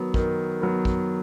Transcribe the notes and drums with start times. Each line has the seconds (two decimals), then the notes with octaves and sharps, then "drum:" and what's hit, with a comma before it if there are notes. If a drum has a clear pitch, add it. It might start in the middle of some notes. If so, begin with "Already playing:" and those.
Already playing: D#3 F#3 B3
0.14 D#3, drum: kick
0.62 F#3 B3
0.85 drum: kick